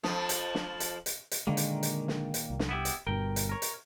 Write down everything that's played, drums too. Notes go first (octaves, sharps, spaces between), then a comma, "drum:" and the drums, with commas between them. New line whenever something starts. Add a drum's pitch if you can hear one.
F2 F3, drum: snare
drum: hi-hat
drum: snare
drum: hi-hat
drum: hi-hat
drum: hi-hat
A#2 D3 D#3 G#3 A#3
drum: hi-hat
drum: hi-hat
drum: snare
drum: hi-hat
C2
drum: snare
B3 E4 G4
drum: hi-hat
G1 G2 B2 A#4 G5
drum: hi-hat
A#4 C#5
drum: hi-hat